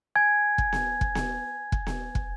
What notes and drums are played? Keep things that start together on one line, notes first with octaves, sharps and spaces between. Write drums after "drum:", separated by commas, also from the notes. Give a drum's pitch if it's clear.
G#5 G#6
drum: kick
drum: snare B3
drum: kick
drum: snare B3
drum: kick
drum: snare B3
drum: kick